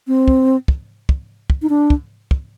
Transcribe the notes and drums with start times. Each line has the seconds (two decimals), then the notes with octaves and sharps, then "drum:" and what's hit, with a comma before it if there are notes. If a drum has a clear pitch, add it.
0.08 C4
0.28 drum: kick
0.68 drum: kick
1.09 drum: kick
1.50 drum: kick
1.62 D#4
1.69 D4
1.90 drum: kick
2.31 drum: kick